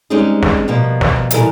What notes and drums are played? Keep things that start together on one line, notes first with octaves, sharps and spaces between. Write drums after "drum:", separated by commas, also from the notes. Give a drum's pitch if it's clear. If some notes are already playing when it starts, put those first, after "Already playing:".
G3 G#3 C4 C#4 D#4 G#4
drum: snare
B2 F3 G3 A#3 B3
drum: snare
B2 D3 E3 G3 A#4, drum: hi-hat